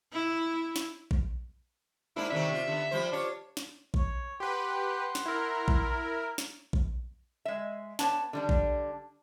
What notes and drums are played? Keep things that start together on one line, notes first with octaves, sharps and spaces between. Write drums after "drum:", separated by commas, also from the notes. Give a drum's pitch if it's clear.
E4
drum: snare
drum: kick A#1
G#2 A#3 D4 E4
C3 D#3 A3 E5
C3 F4
D3 B3
F3 G3 C5
D4 F4 C#5
drum: snare
C#5, drum: kick A#1
G4 B4 F#5 C6
drum: snare
E4 A#4
drum: kick A#1
drum: snare
drum: kick A#1
G#3 E5
B3 D4 C#5 A5, drum: snare
D3 G3 D4
drum: kick A#1